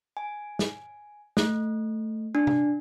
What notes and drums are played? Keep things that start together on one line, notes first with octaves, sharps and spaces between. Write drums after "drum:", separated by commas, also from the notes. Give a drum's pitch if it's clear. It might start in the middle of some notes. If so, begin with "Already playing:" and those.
G#5
drum: snare
A3, drum: snare
D4
drum: tom C3